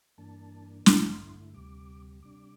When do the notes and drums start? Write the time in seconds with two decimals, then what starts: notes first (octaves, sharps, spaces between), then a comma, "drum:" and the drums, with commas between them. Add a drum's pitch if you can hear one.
0.18 G2 E3 A#3 D4 A5
0.86 G2 D3 A3 E4 C6, drum: snare
1.54 D2 C3 G3 D6
2.23 C3 G3 D4 D6